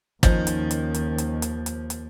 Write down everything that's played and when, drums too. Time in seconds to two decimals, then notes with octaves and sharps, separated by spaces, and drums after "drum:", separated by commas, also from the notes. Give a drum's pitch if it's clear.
0.23 D#2 D#3 F3 C#4 D#4 F#5, drum: kick, hi-hat
0.47 drum: hi-hat
0.71 drum: hi-hat
0.94 drum: hi-hat
1.18 drum: hi-hat
1.42 drum: hi-hat
1.66 drum: hi-hat
1.90 drum: hi-hat